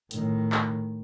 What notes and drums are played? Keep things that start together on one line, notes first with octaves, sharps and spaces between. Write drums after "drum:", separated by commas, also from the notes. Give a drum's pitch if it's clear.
A2 D#3, drum: hi-hat
drum: clap